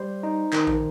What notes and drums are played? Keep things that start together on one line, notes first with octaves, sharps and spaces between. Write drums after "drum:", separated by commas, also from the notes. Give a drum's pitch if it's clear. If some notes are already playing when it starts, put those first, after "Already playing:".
Already playing: G3 C5
D#4
D#3, drum: clap
drum: kick A1